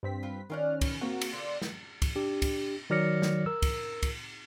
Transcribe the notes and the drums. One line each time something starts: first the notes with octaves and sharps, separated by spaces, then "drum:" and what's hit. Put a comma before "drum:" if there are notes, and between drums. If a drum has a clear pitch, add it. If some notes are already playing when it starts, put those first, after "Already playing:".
G2 C4 B6
F4 B4 G5
D#3 C#4 F4 D5 F#5 F6
B2 E3 C#5, drum: kick, cymbal
A#3 C4 F#4 A#4
drum: cymbal
D3 A#3 C4 C6
drum: snare
drum: kick, cymbal
D4 G4
drum: kick, cymbal
D#3 F#3 D5 F6 A#6 C#7
drum: snare
A#4 E6
drum: kick, cymbal
drum: kick, cymbal